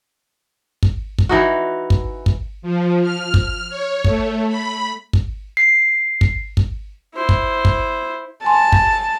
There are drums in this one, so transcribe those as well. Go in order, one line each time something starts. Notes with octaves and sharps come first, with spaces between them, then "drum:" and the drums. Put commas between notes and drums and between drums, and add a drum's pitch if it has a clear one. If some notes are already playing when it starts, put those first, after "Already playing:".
drum: kick
drum: kick
E3 D#4 F#4
drum: kick
drum: kick
F3
F6
drum: kick
C#5
A3, drum: kick
B5
drum: kick
C7
drum: kick
drum: kick
E4 C5
drum: kick
drum: kick
G#5 A5 C6
drum: kick